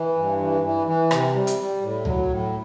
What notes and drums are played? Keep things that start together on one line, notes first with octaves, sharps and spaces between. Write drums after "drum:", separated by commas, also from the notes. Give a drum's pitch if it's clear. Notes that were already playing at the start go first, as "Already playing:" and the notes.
Already playing: E3
G2
E3
E3
E3
C3, drum: rim click
G3
drum: hi-hat
G3
A2
F#3, drum: tom C#2
A2